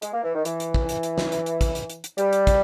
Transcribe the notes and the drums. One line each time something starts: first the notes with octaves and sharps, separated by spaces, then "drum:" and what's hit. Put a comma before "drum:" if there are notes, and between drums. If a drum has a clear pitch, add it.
G#3, drum: hi-hat
A#3
E3
D#3
E3, drum: hi-hat
drum: hi-hat
drum: kick
drum: hi-hat
drum: hi-hat
drum: snare
drum: hi-hat
drum: hi-hat
drum: kick, hi-hat
drum: hi-hat
drum: hi-hat
drum: hi-hat
G3, drum: hi-hat
drum: hi-hat
drum: kick, hi-hat